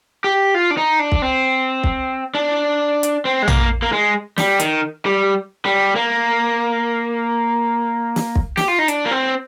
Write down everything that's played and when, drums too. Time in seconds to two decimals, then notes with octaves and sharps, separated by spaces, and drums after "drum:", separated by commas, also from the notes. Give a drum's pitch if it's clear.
0.24 G4
0.54 F4
0.71 D4
0.77 D#4
0.99 D4
1.12 drum: kick
1.22 C4
1.84 drum: kick
2.35 D4
3.03 drum: hi-hat
3.25 C4
3.42 G#3
3.48 A#3, drum: tom
3.82 A#3
3.92 G#3
4.38 G3, drum: snare
4.60 D#3, drum: hi-hat
5.06 G3
5.65 G3
5.96 A#3
8.16 drum: snare
8.35 drum: kick
8.57 G4, drum: snare
8.68 F4
8.79 D#4
8.88 D4, drum: hi-hat
9.06 A#3
9.11 C4